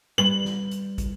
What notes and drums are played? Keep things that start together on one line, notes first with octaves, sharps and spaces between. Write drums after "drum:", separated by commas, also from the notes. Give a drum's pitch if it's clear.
G3 B4 F#7
drum: snare
drum: hi-hat
drum: kick, hi-hat